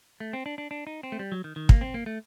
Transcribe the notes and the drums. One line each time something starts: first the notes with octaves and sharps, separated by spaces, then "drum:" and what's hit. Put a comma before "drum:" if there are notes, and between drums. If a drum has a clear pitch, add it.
A3
C4
D4
D4
D4
D#4
C4
A3
G3
F#3
D#3
D#3
A#3, drum: kick
C4
A#3
A3